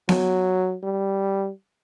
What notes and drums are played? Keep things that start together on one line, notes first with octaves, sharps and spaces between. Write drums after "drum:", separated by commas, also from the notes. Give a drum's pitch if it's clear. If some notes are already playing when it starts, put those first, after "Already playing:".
F#3, drum: snare B3
G3